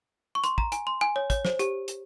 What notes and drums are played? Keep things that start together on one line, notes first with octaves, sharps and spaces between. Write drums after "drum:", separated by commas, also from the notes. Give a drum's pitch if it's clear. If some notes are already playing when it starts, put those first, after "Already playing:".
C#6
C6, drum: hi-hat
A#5, drum: kick
G#5, drum: hi-hat
C6
G#5
C#5
C#5, drum: kick, hi-hat
C5, drum: snare
G4, drum: hi-hat
drum: hi-hat